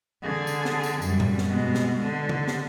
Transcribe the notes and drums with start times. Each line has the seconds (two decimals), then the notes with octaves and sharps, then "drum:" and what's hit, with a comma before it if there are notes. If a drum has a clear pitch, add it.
0.22 D3 G#4
0.47 drum: tambourine
0.65 drum: snare
0.83 drum: tambourine
1.02 F#2 G3, drum: tambourine
1.20 drum: tom G2
1.38 drum: snare
1.48 B2 G#3
1.75 drum: snare
1.99 D3
2.29 drum: tom C#3
2.48 drum: snare